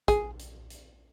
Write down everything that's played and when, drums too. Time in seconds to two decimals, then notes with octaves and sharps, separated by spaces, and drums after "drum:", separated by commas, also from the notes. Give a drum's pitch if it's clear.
0.08 G#4, drum: kick, hi-hat
0.39 drum: hi-hat
0.70 drum: hi-hat